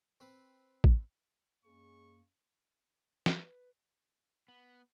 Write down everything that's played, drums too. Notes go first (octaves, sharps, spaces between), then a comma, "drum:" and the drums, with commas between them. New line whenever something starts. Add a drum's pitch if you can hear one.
C4 B4
drum: kick
F#2 G#3 A#3 C#4 G#4 C#6
B4, drum: snare
B3